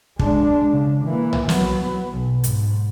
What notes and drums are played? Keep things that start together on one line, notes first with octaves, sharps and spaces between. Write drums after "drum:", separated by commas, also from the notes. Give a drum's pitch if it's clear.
G#3 D4, drum: kick
C#3
E3 A#3
drum: tom B1
F#3 B3, drum: snare
B1
G#2, drum: hi-hat